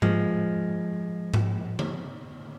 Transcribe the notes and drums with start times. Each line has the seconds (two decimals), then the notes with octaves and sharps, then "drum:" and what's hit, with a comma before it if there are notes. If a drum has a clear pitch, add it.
0.02 F3 G#3, drum: tom G#2
1.34 drum: tom G#2
1.79 drum: tom D3